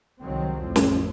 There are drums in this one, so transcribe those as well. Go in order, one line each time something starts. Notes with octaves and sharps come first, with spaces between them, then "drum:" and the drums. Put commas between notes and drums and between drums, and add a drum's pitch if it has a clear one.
C2 D#3 F#3 G#3 C4
A1 F2 F3
drum: snare